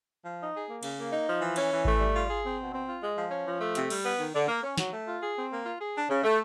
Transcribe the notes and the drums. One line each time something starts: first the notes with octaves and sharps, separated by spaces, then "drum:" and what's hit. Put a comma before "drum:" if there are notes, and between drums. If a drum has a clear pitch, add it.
F3
D#4
G#4
A#3
C#3, drum: cymbal
A#3
D#4
F3
E3
C#4, drum: cymbal
E3
A3, drum: kick G#1
G3
F4
G#4
C4
B2
C4
F4
G#3
F3
C#4
F3
A3
C3, drum: hi-hat
G3, drum: cymbal
B3
D#3
D3
A#3
C#4
F#3, drum: snare
A3
F4
G#4
C4
A#3
F4
G#4
D4
C#3
A3